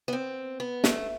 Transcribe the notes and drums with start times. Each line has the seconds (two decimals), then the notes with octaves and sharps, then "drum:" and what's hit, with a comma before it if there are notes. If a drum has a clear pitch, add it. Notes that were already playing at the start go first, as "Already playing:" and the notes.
0.08 B3
0.13 C4
0.60 B3
0.84 A3, drum: snare